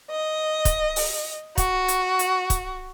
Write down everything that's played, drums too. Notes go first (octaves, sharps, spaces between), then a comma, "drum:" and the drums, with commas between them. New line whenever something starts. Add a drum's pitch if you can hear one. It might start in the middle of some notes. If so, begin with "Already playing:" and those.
D#5
drum: kick, hi-hat
drum: open hi-hat
F#4, drum: kick, hi-hat
drum: hi-hat
drum: hi-hat
drum: kick, hi-hat